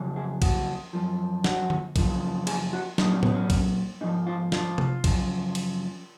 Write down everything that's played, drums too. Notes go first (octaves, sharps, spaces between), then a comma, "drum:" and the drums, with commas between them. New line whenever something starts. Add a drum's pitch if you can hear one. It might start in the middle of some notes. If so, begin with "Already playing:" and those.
Already playing: F2 C#3 F#3
G#4
F#4, drum: kick B1, cymbal
F#2 F3
F#4, drum: snare
drum: tom D3
F#2 C#3 F3, drum: kick B1, cymbal
G#4, drum: cymbal
F#4
A#2 F#3 D#4, drum: snare
C#4
B3, drum: tom A2
C#4
drum: kick B1, cymbal
G#2 F3 D#4
F4
F4, drum: snare
drum: tom C3
F#2 C#3 F3, drum: kick B1, cymbal
drum: cymbal